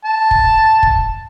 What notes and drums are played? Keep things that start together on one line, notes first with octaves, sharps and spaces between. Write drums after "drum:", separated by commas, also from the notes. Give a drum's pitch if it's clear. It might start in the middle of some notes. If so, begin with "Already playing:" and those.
A5
drum: kick
drum: kick